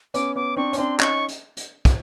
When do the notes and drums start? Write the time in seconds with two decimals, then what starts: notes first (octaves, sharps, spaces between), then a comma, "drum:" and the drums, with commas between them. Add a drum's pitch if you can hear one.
0.14 B3 C#4 D6, drum: hi-hat
0.35 B3 C#4 D6
0.57 C4 D4 C#6
0.73 C#4, drum: hi-hat
0.78 C4 D4 C6
1.00 C#4 D#4 C#6, drum: clap
1.28 drum: hi-hat
1.57 drum: hi-hat
1.85 drum: kick, hi-hat